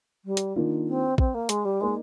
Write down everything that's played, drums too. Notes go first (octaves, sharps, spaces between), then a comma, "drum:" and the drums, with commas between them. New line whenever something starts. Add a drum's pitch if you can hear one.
G3
drum: hi-hat
D#3 A#3 D4 F4
C4
C4, drum: kick
A#3
G#3, drum: hi-hat
G3
G#3 A#3 D#4 A#4 D5